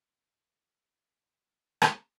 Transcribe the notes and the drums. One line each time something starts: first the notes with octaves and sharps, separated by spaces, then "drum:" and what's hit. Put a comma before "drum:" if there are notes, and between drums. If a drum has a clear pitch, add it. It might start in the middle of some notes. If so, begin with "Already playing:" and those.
D#3 A3 C#4 D#4 E4 G#4
drum: rim click